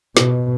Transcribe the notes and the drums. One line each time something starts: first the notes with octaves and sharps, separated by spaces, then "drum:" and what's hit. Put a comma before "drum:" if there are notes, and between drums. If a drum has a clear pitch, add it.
B2, drum: snare